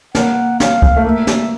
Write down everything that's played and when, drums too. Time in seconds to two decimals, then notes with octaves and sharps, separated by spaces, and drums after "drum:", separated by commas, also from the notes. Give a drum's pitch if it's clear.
0.15 A#3 F#5, drum: snare
0.60 F5, drum: snare
0.82 drum: kick
0.97 A3
1.05 A#3 E5
1.27 drum: snare